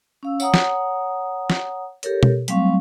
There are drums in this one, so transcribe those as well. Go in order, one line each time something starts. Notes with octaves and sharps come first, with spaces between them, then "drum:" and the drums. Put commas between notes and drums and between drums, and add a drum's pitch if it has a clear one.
C#4 F5 E6
C#5 F#5 A#5 D#6, drum: tambourine
drum: snare
drum: snare
G4 A4 A#4 C#5, drum: hi-hat
drum: tom B2
F#3 G3 A3 C4 F5 C#6, drum: hi-hat